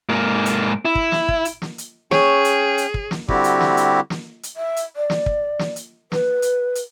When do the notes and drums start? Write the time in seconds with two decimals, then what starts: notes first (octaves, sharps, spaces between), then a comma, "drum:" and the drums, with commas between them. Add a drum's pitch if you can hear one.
0.09 G#2 A#3
0.46 drum: hi-hat
0.85 E4
0.95 drum: kick
1.12 drum: snare
1.28 drum: kick
1.45 drum: hi-hat
1.62 drum: snare
1.78 drum: hi-hat
2.11 C#4 G#4 C#5 G5, drum: snare
2.44 drum: hi-hat
2.78 drum: hi-hat
2.94 drum: kick
3.11 drum: snare
3.29 D3 G3 C4 E4 F#4 G4, drum: kick
3.44 drum: hi-hat
3.60 drum: snare
3.77 drum: hi-hat
4.10 drum: snare
4.43 drum: hi-hat
4.56 E5
4.77 drum: hi-hat
4.96 D5
5.10 drum: snare
5.26 drum: kick
5.59 drum: snare
5.76 drum: hi-hat
6.12 B4, drum: snare
6.42 drum: hi-hat
6.75 drum: hi-hat